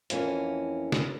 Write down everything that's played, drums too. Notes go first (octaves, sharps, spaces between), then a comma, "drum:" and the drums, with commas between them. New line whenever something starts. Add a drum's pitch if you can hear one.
F2 E3 A#3 C#4, drum: hi-hat
drum: snare